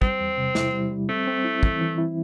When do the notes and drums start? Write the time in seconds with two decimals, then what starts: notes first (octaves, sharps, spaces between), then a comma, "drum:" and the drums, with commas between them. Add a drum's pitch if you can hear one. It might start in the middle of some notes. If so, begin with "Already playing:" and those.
0.02 G3 C4, drum: kick
0.20 E2
0.37 C3
0.55 E4, drum: snare
0.73 G3
0.92 G3
1.09 A3 C4
1.27 C4
1.45 E4
1.63 E3, drum: kick
1.81 E3
1.98 E4